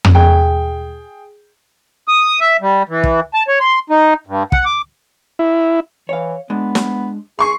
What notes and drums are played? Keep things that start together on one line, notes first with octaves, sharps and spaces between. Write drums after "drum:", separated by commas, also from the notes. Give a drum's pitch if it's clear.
drum: tom
G#4 G5
D#6
E5
G3
E3
drum: kick
A5
C#5
C6
D#4
G2
F#5, drum: kick
D6
E4
E3 C#5 F5
G#3 B3 D4
drum: snare
G#4 C6 C#6 C7